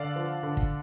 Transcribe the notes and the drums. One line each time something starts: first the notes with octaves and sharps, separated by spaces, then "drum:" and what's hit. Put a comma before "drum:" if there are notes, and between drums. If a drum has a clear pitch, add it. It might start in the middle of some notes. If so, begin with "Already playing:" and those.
Already playing: D3 D5 F5
F3
D3
drum: kick